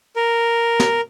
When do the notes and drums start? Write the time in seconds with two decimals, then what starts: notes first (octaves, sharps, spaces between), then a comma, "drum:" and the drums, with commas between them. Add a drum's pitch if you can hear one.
0.16 A#4
0.80 drum: snare